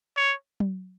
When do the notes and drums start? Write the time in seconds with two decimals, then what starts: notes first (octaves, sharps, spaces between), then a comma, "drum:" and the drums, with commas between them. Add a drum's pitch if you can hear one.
0.17 C#5
0.60 drum: tom F#3